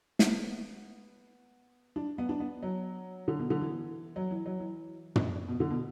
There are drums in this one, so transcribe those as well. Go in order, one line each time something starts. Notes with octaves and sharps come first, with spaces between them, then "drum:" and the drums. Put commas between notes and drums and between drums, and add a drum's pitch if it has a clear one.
B3, drum: snare
D4
B3
D4
B3
F#3
D3
B2
D3
E3
F#3
E3
F#3
E3
drum: tom
B2
D3
B2